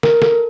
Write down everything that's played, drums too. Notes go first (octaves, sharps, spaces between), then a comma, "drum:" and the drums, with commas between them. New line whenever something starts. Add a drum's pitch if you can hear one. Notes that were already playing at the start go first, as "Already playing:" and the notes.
A#4, drum: snare
A4, drum: snare